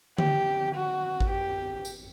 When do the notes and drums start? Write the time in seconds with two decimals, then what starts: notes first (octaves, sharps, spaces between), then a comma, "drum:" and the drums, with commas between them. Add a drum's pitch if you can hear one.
0.18 G4, drum: tom D3
0.75 F#4
1.20 drum: kick G#1
1.31 G4
1.85 drum: tambourine